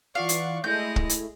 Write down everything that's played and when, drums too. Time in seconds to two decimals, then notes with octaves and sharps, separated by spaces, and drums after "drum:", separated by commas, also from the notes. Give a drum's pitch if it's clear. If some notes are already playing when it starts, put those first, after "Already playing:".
0.15 E3 F4 D5 F5 F#5 C#6
0.29 drum: hi-hat
0.64 G#3 A3 E4 D#5 G6
0.96 drum: kick
1.09 drum: hi-hat